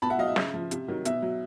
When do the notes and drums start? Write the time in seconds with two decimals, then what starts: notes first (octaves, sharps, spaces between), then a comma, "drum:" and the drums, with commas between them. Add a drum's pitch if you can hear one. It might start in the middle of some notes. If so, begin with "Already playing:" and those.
0.02 B2 A5 B5
0.10 E5 F#5
0.19 F#3 D#5 F5
0.27 E5
0.36 C#3, drum: snare
0.54 F3
0.71 C3, drum: hi-hat
0.88 D#3 F#3
1.05 B2 E5, drum: hi-hat
1.22 F#3